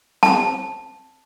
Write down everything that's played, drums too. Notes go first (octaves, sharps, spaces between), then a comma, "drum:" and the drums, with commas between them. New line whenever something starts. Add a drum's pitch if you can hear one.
A5, drum: snare C4